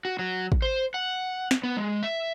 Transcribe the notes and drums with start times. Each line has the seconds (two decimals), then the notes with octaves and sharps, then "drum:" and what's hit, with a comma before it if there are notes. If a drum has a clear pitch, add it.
0.05 F#4
0.19 F#3
0.52 drum: kick
0.62 C5
0.94 F#5
1.51 drum: snare
1.63 B3
1.77 G#3
2.03 E5